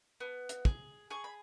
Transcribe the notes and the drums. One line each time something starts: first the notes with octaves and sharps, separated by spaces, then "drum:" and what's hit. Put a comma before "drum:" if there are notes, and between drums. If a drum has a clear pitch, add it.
B3
drum: hi-hat
G#4, drum: kick
G#4 C#6
B5